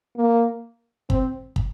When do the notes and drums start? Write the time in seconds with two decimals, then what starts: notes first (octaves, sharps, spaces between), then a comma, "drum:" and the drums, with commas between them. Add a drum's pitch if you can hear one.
0.17 A#3
1.10 C4, drum: kick
1.56 drum: kick